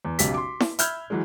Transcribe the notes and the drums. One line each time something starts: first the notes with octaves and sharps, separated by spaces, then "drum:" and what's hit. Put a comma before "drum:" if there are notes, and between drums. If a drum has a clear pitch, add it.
E2
B1 C#3 G4 B6, drum: hi-hat
C6 D6
drum: snare E4
E5 B5 E6 F6 G6 G#6, drum: hi-hat
E3 F#3 G#3